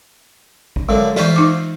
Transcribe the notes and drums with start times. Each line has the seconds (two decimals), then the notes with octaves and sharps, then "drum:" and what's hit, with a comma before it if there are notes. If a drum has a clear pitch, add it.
0.76 drum: kick G#1
0.89 F#2 D3 G#3
1.16 E3 F4 C5 D5 E5, drum: snare
1.36 D#4 D6